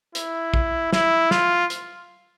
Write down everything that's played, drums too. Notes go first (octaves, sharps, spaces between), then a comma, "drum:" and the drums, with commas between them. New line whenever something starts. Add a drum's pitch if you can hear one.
E4, drum: hi-hat
drum: kick A#1
E4, drum: snare
F4, drum: snare
drum: hi-hat